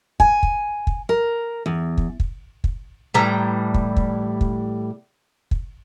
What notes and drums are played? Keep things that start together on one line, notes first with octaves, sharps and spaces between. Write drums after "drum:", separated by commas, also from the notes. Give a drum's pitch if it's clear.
G#5, drum: kick
drum: kick
drum: kick
A#4
E2
drum: kick
drum: kick
drum: kick
A2 E3 G3 A#5
drum: kick
drum: kick
drum: kick
drum: kick